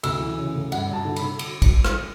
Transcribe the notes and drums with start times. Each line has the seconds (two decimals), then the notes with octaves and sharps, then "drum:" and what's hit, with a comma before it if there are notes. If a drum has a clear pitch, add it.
0.03 D2 E6, drum: cymbal
0.20 E3
0.38 C#3
0.55 D2
0.72 G2 F#5, drum: cymbal
0.89 G2 A5
1.05 D3
1.16 B5, drum: cymbal
1.22 D3
1.39 drum: cymbal
1.62 drum: kick A1, cymbal
1.85 drum: rim click